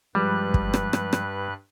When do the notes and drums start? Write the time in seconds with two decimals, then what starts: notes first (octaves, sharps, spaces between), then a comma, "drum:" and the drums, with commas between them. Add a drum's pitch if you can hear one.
0.15 G2 F3 G3 G#3 B4 F#6
0.54 drum: kick
0.74 drum: rim click
0.93 drum: rim click
1.13 drum: rim click